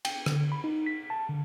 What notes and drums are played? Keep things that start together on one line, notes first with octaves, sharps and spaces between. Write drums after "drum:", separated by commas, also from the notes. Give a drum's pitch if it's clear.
G5, drum: cymbal
D3, drum: rim click
B5
D#4
B6
A5
D3